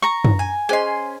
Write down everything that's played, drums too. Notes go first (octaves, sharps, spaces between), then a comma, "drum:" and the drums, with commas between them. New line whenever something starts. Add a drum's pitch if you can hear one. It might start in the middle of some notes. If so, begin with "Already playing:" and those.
A#5 C#6
drum: tom F#2
G#5
C#4 G#4 C5 D#5 G#5 C6